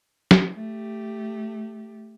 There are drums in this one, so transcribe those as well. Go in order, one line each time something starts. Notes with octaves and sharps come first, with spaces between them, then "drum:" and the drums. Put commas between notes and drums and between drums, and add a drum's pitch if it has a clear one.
drum: snare
A3 G4